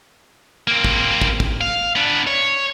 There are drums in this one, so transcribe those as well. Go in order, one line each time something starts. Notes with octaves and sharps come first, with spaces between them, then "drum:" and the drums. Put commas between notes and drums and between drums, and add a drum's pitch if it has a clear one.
A#3 C4
drum: kick
drum: kick
drum: kick
F5
B3 D4
C#5